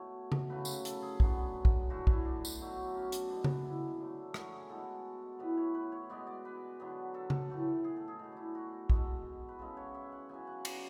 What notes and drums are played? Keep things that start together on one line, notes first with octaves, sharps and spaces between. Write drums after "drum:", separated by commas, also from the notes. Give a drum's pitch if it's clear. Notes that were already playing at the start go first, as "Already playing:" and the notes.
Already playing: B2 A3 C#5
drum: tom C#3
C#3 F#3 A3 B4
drum: tambourine
A4, drum: hi-hat
G#4
D3 F#3 B3, drum: kick A#1
drum: kick A#1
D3 A3 F#4
E4, drum: kick A#1
D4
drum: tambourine
B2 F#3 A3
C#4
D4, drum: hi-hat
B2 G#3 B3 D4
drum: tom C#3
E4
D3 F#3 A3
F#4, drum: rim click
G#4
B2 G#3 B3 A4
A2 E3 B3 B4
C#5
B4
C#5
B2 G#3 B3 D5
D5
B4
D3 F#3 B3
A4
drum: tom C#3
A2 E3 A3
G#4
A4
G#4
B2 A3
D4 E4
F#4
B2 G#3 B3 A4, drum: kick A#1
B4
C#3 G#3 B3 A4
C#5
E5
F#5
C#3 F#3 B3 G#5
F#5
D5, drum: cymbal